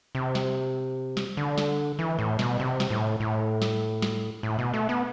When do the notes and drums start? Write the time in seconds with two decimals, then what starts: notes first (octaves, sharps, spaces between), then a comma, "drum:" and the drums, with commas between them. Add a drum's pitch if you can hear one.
0.15 C3
0.35 drum: snare
1.17 drum: snare
1.37 D3
1.58 drum: snare
1.99 E3
2.19 A2
2.39 B2, drum: snare
2.60 C3
2.80 drum: snare
2.90 A2
3.20 A2
3.62 drum: snare
4.02 drum: snare
4.43 A2
4.59 B2
4.74 A3
4.89 B3